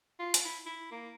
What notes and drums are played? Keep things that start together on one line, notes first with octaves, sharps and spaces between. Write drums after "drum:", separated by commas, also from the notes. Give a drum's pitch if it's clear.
F4
drum: hi-hat
E4
E4
A#3